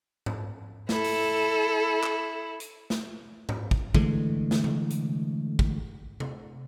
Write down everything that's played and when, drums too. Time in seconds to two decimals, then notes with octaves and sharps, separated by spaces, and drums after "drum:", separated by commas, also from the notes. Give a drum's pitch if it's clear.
0.26 drum: tom G#2
0.89 E4 A4, drum: snare
1.04 drum: open hi-hat
2.03 drum: clap
2.60 drum: hi-hat
2.90 drum: snare
3.49 drum: tom G#2
3.71 drum: kick
3.95 D3 E3 G#3 A3, drum: kick
4.51 drum: snare
4.64 drum: tom C3
4.90 drum: hi-hat
5.59 drum: kick
6.20 drum: tom C3